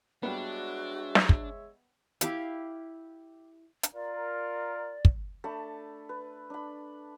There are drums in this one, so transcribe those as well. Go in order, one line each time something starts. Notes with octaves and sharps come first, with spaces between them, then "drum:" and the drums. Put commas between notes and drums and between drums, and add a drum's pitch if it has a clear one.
G3 G#3 B3 D4 F#4 C#5 E5
drum: snare
drum: kick
E4 G4 F5, drum: hi-hat
drum: hi-hat
F4 A#4 D5
drum: kick
A3 D4 A5 B5
B4
D4 B5